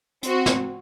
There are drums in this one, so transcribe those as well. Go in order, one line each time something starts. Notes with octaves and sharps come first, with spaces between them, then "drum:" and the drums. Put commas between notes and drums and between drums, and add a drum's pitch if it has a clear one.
C4 F#4, drum: hi-hat
drum: snare